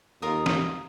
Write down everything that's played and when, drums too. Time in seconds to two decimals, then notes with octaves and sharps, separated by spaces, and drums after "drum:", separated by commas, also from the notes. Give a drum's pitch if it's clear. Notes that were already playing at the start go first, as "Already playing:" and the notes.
0.22 D#2 F4 A#4 D#6
0.46 drum: snare